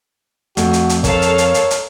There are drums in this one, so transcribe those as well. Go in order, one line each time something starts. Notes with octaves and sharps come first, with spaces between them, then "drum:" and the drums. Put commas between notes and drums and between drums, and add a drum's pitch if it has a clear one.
F2 A3 F#4, drum: hi-hat
drum: hi-hat
drum: hi-hat
A4 A#4 C#5 F5, drum: kick, hi-hat
drum: hi-hat
drum: hi-hat
drum: hi-hat
drum: hi-hat